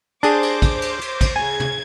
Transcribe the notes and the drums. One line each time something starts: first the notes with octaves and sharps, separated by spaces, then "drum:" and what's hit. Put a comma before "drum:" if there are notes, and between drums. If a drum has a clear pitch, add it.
D4 G#4 C5 D6, drum: cymbal
drum: cymbal
drum: kick, cymbal
drum: cymbal
drum: cymbal
drum: kick, cymbal
C#3 G#5 G#6
drum: tom